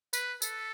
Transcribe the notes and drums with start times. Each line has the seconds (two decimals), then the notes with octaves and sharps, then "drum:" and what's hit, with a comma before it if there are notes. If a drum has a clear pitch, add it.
0.13 B4, drum: tambourine
0.42 A4, drum: tambourine